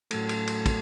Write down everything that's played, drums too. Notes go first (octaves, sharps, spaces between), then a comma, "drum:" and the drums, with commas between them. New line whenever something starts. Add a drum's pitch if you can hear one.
A2 F#3 A3 A4, drum: cymbal
drum: cymbal
drum: cymbal
drum: kick, cymbal